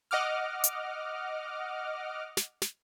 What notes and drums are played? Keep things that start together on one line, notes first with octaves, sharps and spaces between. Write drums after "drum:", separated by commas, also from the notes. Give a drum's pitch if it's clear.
D#5 F#5 D6 F6
drum: hi-hat
drum: snare
drum: snare